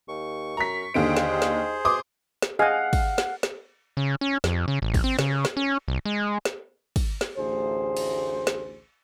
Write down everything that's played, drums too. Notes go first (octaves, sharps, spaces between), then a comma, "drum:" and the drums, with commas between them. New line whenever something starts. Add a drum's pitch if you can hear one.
D#2 C#6
F#2 A#5 B6
D#2 D3 D#4 G#4 C5 D7
drum: snare
drum: snare
B2 C6 D6 D#6
drum: snare
G#4 D#5 F5 F#5 G#5
drum: kick, cymbal
drum: snare
drum: snare
C#3
C#4
F2, drum: snare
C#3
A1
drum: kick, cymbal
C4
C#3, drum: snare
drum: snare
C#4
C2
G#3
drum: snare
drum: kick, cymbal
drum: snare
A1 D2 G#4 C5
drum: cymbal
drum: snare